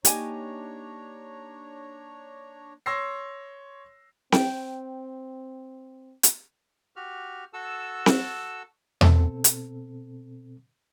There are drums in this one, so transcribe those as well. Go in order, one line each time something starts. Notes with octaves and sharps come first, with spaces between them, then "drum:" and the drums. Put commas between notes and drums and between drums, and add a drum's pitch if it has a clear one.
A#3 D4 D#4 G4 C#5 D#5 G#5 A#5, drum: hi-hat
C#5 C6 E6 A#6 C7
C4 G5, drum: snare C4
drum: hi-hat
F#4 G4 F6
F#4 A4 A5 E6
drum: snare C4
B2 C4 A4, drum: tom E2
drum: hi-hat